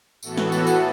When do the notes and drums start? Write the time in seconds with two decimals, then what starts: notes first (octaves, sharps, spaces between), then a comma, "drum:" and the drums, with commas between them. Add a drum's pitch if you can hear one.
0.23 A2 E3 B3 F#4 A4, drum: tambourine
0.38 drum: snare
0.52 drum: tambourine
0.67 drum: tambourine